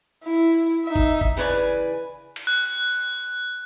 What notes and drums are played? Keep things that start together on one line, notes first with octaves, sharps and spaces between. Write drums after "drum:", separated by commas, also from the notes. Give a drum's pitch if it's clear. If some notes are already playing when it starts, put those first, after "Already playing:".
E4
D#4 E5
drum: kick G1
drum: kick G1
C#3 E3 B4 C#5 D5 G#5
drum: cymbal
F#6